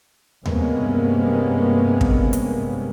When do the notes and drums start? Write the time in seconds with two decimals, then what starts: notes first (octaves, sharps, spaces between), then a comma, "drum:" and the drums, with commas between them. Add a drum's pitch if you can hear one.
0.46 G2 C3 G#3 A#3 B3 C#4, drum: tom D#2
2.01 drum: kick
2.33 drum: hi-hat